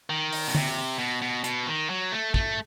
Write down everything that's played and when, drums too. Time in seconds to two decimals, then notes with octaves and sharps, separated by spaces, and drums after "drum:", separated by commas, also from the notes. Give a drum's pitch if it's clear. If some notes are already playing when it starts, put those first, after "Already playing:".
0.10 D#3
0.33 drum: open hi-hat
0.47 B2
0.55 C3, drum: tom D3
0.99 B2
1.22 B2
1.44 B2, drum: hi-hat
1.67 D#3
1.90 F#3
2.12 A3
2.34 A3, drum: kick